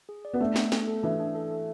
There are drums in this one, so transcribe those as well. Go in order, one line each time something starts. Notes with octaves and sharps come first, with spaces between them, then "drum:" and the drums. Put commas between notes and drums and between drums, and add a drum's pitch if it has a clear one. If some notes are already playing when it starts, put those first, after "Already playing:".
G#4
D5
B3
A3 D4
D4, drum: snare
A4, drum: snare
A4
E3 D4
D4
A4
A4